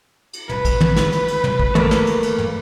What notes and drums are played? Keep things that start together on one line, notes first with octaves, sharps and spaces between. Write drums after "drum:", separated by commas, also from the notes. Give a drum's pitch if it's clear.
drum: cymbal
B4, drum: tom
drum: kick, cymbal
drum: tom
drum: snare
drum: cymbal
drum: cymbal
drum: tom
drum: kick
A3 A#3, drum: tom
drum: snare
drum: cymbal
drum: cymbal
drum: tom